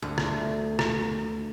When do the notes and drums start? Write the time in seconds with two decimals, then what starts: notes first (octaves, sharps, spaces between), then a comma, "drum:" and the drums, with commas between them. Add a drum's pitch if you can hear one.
0.02 D2
0.18 drum: rim click
0.79 drum: rim click